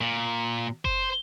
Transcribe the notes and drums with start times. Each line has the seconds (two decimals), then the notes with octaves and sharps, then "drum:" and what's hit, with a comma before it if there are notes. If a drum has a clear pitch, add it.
0.01 A#2
0.85 C5, drum: kick F#1